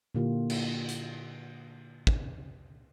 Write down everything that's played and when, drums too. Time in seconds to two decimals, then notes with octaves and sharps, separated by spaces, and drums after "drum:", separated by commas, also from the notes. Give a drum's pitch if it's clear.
0.15 A#2 D3 A#3 E4 F4 G4
0.50 drum: cymbal
0.88 drum: hi-hat
2.07 drum: kick